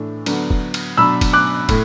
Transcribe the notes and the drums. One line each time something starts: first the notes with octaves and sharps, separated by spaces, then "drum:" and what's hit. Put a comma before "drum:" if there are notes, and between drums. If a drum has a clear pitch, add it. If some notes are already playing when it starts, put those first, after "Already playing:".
Already playing: A2 E3 A3 D4
D3 F#3 B3 D4, drum: cymbal
drum: kick
drum: cymbal
B2 F#3 D4 B5 E6
drum: kick, cymbal
D6 F#6
A2, drum: kick, cymbal